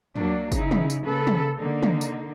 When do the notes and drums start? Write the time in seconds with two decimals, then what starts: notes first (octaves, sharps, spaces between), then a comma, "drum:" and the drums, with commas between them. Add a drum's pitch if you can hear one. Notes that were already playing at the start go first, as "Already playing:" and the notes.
0.16 F#3 A#3 D4, drum: tom
0.52 C#3 D#4 E4, drum: kick, tambourine
0.71 drum: tom
0.90 drum: tambourine
1.03 C#3 A#3 A4 B4
1.27 drum: tom
1.57 D3 A#3 D#4
1.83 drum: tom
2.01 drum: tambourine